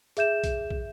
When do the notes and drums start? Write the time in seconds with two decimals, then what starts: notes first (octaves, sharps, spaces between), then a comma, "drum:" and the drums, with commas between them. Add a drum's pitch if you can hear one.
0.17 G#4 E5 G6 E7, drum: hi-hat
0.44 drum: kick, hi-hat
0.70 drum: kick